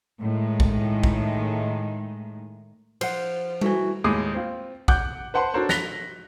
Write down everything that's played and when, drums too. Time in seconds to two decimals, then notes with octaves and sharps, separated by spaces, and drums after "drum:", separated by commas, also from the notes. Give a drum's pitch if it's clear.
0.21 A2 D#3 G#3
0.60 drum: kick A1
1.04 drum: kick A1
3.01 F3 C5 F#5, drum: cymbal
3.61 E3 A3 F#4, drum: tom G3
4.04 D#2 A2 G#3 G#4 D6 D#6
4.35 C4 F4
4.88 F#5 D6 F#6 G6, drum: kick A1
5.34 B4 C5 F#5 A5 C6
5.54 D4 F#4 A4 A#4 C5 C#5
5.69 F#6 A#6 B6 F7 G7, drum: snare